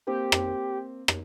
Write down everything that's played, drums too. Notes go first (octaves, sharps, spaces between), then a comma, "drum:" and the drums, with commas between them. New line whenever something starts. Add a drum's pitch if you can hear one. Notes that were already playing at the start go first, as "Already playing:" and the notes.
A#3 C4 G4
drum: rim click
drum: rim click